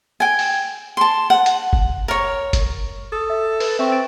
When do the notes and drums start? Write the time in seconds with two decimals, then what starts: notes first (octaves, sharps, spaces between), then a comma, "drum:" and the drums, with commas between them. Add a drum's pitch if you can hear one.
0.20 G5 G#5
0.39 drum: open hi-hat
0.97 A5 C6
1.30 F#5
1.46 drum: hi-hat
1.73 drum: kick F#1
2.08 A#4 C#5
2.53 drum: kick F#1, hi-hat
3.12 A4 D#6
3.30 E5
3.60 B4, drum: open hi-hat
3.79 C4 E5 G5 C#6
3.92 A6 D7